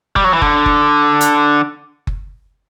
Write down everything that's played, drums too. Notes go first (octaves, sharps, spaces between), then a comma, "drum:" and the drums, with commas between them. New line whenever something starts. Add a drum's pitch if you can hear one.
G3, drum: kick F#1
F#3
E3
D3, drum: kick F#1
drum: kick F#1
drum: hi-hat
drum: kick F#1